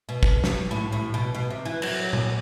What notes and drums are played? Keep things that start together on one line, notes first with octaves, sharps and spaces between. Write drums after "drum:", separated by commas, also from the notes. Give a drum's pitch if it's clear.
B2
drum: kick
drum: snare
A2
A2
B2
B2
C3
E3
F#3, drum: cymbal
drum: tom A#2